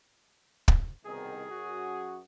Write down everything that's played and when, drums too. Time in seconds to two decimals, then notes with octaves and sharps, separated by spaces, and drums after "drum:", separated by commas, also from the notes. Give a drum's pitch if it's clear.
0.68 drum: kick
1.05 C2 B2 D#3 G#4
1.49 F#2 F#4